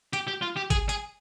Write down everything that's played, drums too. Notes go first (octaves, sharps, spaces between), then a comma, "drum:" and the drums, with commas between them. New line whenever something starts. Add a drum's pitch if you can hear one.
G4, drum: hi-hat
G4
F4
G4
G#4, drum: kick, hi-hat
G#4, drum: hi-hat